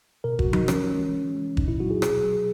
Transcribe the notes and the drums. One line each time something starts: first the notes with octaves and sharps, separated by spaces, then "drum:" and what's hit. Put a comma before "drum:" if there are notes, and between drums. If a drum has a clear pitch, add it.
B2 A#4
F#4, drum: kick
F#3
D#4, drum: tom F3
C#3 C#4, drum: rim click
E3 G#3
C#3
E3 G#3
A#2 D#4, drum: kick
E4
F#3 F#4
G#4
B2 G#4, drum: rim click
F#3